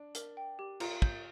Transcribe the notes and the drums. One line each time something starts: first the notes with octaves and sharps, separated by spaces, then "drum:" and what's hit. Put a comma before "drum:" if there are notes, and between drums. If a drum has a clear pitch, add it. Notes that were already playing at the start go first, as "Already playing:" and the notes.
Already playing: D4
A#4, drum: hi-hat
G5
G4
F4 A#5, drum: cymbal
G6, drum: kick